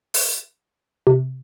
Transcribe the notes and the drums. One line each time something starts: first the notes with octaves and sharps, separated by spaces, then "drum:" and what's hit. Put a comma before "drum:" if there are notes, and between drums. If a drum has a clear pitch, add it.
drum: open hi-hat
C3